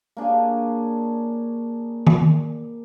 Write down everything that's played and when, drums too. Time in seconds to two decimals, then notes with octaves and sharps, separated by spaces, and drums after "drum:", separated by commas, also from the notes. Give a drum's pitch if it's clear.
0.17 A#3 D4 G#4 C#5
2.07 drum: tom D#3